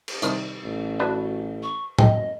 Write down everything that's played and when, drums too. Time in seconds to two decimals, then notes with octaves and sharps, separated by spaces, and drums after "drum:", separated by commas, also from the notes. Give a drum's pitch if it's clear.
0.08 drum: cymbal
0.22 C2 D#3, drum: hi-hat
0.64 A1
1.00 D4 F#4 B4
1.63 C#6
1.98 F#1 D#5 G5, drum: tom A2